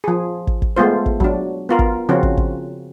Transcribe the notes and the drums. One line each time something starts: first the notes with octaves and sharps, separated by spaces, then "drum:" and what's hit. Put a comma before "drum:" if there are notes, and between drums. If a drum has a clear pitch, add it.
F3 G#4
drum: kick
drum: kick
G#3 A3 B3 F4 C5
drum: kick
F#3 D4, drum: kick
B3 F4 A#4
drum: kick
C#3 F3 C4 C#4 F4 F#4
drum: kick
drum: kick